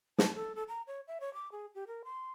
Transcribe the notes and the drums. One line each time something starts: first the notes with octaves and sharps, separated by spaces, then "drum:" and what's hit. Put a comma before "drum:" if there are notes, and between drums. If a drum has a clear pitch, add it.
A5, drum: snare
A4
A4
A#5
C#5
E5
C#5
D6
G#4
G4
A#4
C6